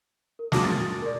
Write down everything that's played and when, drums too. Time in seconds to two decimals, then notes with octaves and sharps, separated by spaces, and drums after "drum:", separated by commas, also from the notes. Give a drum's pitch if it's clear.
0.39 A#4
0.52 C#2 F#3 A5 D6 D#6 A#6, drum: snare
0.64 A6
1.02 A#4 D5